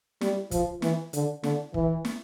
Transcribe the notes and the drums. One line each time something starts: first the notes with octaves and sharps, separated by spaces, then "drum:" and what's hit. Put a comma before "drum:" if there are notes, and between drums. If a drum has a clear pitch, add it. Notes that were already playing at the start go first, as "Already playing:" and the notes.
G3, drum: snare
F3, drum: kick, hi-hat
E3, drum: snare
D3, drum: hi-hat
D3, drum: snare
E3, drum: kick
drum: snare